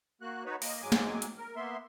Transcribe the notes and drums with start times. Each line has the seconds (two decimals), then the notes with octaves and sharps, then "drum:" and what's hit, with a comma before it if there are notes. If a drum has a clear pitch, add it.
0.21 A#3 F#4 F#6
0.45 D#4 F#4 B4 C#5
0.62 A#3 D#5, drum: open hi-hat
0.82 G#2 F#3 G#3 G#5 D6
0.92 drum: snare
1.22 drum: hi-hat
1.38 A#4
1.56 A#3 B3 E5 C6